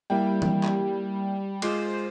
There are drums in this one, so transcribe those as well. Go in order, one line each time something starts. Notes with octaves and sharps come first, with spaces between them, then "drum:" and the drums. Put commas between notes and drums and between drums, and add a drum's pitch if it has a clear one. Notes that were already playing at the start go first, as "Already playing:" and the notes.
G3 A#3 E4 G5
drum: tom E3
drum: clap
G#3 F4 C5 D6, drum: cymbal